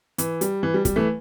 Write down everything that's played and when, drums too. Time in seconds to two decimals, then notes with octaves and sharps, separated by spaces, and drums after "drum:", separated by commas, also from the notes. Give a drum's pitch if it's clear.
0.18 E3, drum: hi-hat
0.41 G3, drum: hi-hat
0.63 E3
0.74 G3
0.85 G3, drum: kick, hi-hat
0.96 E3 A3